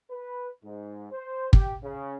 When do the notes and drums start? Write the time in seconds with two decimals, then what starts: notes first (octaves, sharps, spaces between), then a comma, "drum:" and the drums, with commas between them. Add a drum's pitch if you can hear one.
0.11 B4
0.65 G#2
1.12 C5
1.53 G4, drum: kick
1.84 C#3